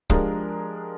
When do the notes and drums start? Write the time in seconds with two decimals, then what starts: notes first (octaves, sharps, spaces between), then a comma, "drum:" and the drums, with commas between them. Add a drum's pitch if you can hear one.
0.10 F3 G#3 D4 G4 A#4, drum: kick